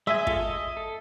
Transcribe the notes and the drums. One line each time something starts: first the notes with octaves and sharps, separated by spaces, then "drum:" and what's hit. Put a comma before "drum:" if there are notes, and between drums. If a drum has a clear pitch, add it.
G#3 D#5 E5 G#5
G#3 F4 A4, drum: kick
D#5
A4